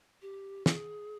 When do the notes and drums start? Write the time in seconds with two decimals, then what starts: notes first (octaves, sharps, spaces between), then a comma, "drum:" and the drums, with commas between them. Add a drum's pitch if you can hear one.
0.22 G4
0.66 G#4, drum: snare